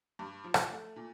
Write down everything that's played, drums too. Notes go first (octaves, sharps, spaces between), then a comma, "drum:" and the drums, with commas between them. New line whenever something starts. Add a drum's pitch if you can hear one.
G2
F3
drum: rim click
A3
A#2